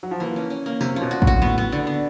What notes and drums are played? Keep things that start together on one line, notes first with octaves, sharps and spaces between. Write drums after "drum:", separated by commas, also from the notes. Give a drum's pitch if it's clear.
F#3
F3
E3 A#3
C#4
C#4
A#3
C3 C#4, drum: tambourine
F3
B2
F#4
A2, drum: kick
F#4
A2 B3
B3
D3
B3